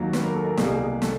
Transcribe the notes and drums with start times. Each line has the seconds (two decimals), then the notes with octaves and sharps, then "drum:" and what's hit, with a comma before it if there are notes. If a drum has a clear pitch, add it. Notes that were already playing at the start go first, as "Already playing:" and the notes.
Already playing: D#2 D#3 F#3 A#3
0.13 B4, drum: snare
0.24 A#4
0.34 A4
0.45 A#4
0.57 C2 B2 G3 A#3 G#4, drum: snare
0.69 G#4
0.80 G#4
1.02 A4, drum: snare